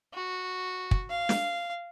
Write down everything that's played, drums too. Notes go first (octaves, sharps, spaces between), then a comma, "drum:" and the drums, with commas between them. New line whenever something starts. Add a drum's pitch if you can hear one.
F#4
drum: kick
F5
drum: snare